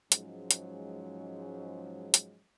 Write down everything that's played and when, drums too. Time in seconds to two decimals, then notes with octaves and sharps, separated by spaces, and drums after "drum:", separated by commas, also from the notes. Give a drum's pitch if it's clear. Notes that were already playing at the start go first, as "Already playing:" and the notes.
0.12 G#2 F3 F#3 G#3 C#4, drum: hi-hat
0.51 drum: hi-hat
2.14 drum: hi-hat